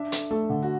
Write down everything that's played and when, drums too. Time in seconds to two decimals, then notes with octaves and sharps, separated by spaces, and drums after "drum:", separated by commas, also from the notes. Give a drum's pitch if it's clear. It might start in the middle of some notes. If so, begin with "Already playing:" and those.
Already playing: D4 E5
0.12 A4, drum: hi-hat
0.31 A3 A4
0.50 D3
0.62 F#4